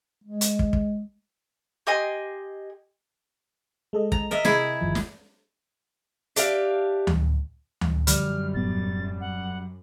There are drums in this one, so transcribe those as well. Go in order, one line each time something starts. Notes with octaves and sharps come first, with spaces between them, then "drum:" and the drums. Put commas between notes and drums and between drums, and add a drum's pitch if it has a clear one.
G#3
drum: hi-hat
drum: kick
drum: kick
G4 D#5 G#5 C6
G#3 A4 D#5
A#5, drum: kick
A#4 D#5 E5
C3 E4 G#4, drum: snare
G1 D#2 F3
drum: snare
D4 G4 E5 F5, drum: hi-hat
drum: tom D2
drum: tom D2
F#2 D3 F3 G3 F6, drum: hi-hat
E1 A2 B3 A6
F#5